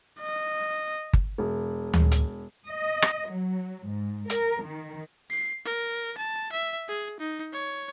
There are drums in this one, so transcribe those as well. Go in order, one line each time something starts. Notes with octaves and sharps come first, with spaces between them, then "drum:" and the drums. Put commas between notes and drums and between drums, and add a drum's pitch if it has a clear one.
D#5
drum: kick G1
E1
drum: tom D2
drum: hi-hat
D#5
drum: rim click
F#3
G#2
A#4, drum: hi-hat
D#3
C7
A#4
A5
E5
G#4
D#4
C#5